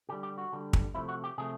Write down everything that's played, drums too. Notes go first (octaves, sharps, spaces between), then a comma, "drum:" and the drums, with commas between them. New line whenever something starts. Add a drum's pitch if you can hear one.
D3 G3 G4
G4
F#4
D3 G3
drum: kick
C3 F3 A3 E4
F#4
G4
C3 F3 A3 G#4